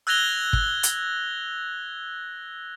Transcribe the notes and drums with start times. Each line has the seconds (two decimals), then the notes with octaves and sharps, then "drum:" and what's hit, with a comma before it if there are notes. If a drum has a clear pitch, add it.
0.07 E6 F#6 G#6 A#6 F7 G7
0.53 drum: kick
0.83 drum: hi-hat